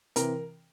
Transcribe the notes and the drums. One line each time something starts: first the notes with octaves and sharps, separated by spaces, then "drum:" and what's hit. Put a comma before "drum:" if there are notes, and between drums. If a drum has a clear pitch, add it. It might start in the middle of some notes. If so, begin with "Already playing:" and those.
C3 E3 A#4, drum: hi-hat